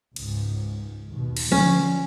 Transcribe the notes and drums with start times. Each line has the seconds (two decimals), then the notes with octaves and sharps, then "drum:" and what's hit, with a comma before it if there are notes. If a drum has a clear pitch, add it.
0.16 C#2 G#2, drum: cymbal
1.09 D#2 B2
1.37 drum: cymbal
1.52 D3 F3 C#4, drum: tom F3